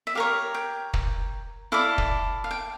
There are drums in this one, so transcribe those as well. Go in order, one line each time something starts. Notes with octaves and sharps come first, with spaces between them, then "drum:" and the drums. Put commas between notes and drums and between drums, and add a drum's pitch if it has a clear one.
E5
G4 A#4 C#5 F5
G5
drum: kick
E4 A4 D5 F5
drum: kick
F5
G5